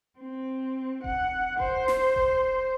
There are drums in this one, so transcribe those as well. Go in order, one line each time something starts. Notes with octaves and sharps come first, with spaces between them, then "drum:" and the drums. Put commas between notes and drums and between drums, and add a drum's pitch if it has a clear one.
C4
F#5, drum: kick E1
C5, drum: kick E1
drum: snare
drum: kick E1